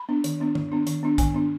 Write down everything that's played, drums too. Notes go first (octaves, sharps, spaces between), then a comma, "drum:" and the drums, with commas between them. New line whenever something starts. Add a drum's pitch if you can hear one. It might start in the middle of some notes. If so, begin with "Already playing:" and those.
Already playing: B5
B3 D4
D#3, drum: hi-hat
B3 D4
D#3, drum: tom D#3
B3 D4
D#3, drum: hi-hat
B3 D4
D#3 G#5, drum: kick, hi-hat
B3 D4